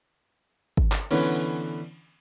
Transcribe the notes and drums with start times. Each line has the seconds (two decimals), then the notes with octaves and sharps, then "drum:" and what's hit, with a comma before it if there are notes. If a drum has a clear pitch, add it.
0.77 drum: kick
0.92 drum: clap
1.11 D3 E3 B3 C#4, drum: cymbal